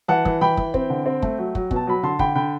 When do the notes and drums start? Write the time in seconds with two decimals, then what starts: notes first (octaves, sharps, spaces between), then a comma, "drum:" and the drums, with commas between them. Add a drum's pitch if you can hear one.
0.08 E3 F#5 A5
0.25 E3, drum: kick
0.41 E3 G5 B5
0.57 E3, drum: kick
0.74 C4, drum: kick
0.90 D3
1.06 C4
1.22 A3, drum: kick
1.38 F#3
1.55 F#3, drum: kick
1.71 B2, drum: kick
1.76 A5
1.87 F#3 B5
2.03 D3 A5 C6
2.19 D3 G5 B5, drum: kick
2.35 D3 G5 B5